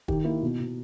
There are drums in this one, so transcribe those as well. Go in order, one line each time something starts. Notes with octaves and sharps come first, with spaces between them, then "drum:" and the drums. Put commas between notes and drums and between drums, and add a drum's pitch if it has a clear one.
D#3 G4, drum: kick
A#3 E4
B2
B2